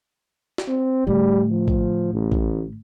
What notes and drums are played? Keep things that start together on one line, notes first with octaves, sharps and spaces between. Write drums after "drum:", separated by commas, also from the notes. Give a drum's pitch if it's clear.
drum: snare
C4
A2 D3 G3
F3
drum: kick
A1
drum: kick